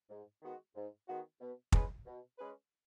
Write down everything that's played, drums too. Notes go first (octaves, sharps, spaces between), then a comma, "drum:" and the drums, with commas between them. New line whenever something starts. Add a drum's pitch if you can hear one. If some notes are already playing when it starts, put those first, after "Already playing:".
G#2
D#3 G#3 B3 F#4
G#2
D#3 G#3 B3 F#4
B2
G#3 C#4 G#4 B4, drum: kick
B2
G#3 C#4 G#4 B4